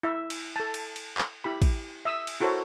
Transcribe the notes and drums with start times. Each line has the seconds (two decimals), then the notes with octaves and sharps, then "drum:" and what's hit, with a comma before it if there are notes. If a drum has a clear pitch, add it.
0.03 E4 E5
0.30 drum: cymbal
0.56 A4 A5
0.74 drum: cymbal
0.96 drum: cymbal
1.18 drum: clap
1.44 E4 G4 B5
1.62 drum: kick, cymbal
2.05 E5 D#6 E6
2.27 drum: cymbal
2.40 E4 F#4 A4 A#4 C5 C#5